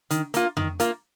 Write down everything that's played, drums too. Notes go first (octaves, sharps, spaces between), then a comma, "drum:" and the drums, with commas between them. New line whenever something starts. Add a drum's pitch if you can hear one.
D#3, drum: hi-hat
A#3 F4, drum: hi-hat
D#3, drum: tom F2
A#3 F4, drum: hi-hat